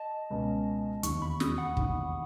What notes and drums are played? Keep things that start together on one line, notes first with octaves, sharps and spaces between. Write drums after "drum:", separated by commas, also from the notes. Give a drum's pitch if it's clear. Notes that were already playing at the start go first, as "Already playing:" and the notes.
Already playing: D#5 A5
C#2 B2 G#3 C#4
E1 D#2 D#3 C#6, drum: hi-hat
B5
D#6, drum: snare
F#5
E1 D#2 D#3, drum: kick